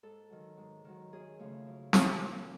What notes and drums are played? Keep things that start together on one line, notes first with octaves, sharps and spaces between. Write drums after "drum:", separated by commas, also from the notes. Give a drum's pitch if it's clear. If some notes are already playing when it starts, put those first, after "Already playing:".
G#2 A4
D#3 F#3
G#2
D#3 F#3
F#2 G#4
C#3 F3 A3
F#2
C#3 F3 A3, drum: snare
A#2